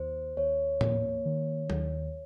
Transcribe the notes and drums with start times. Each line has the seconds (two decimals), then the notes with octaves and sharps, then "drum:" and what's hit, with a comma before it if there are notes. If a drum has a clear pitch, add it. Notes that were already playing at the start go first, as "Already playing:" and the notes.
Already playing: D#2 C5
0.37 D#2 C#5
0.81 A#3, drum: tom A2
1.25 D#3
1.70 D#2, drum: tom F#3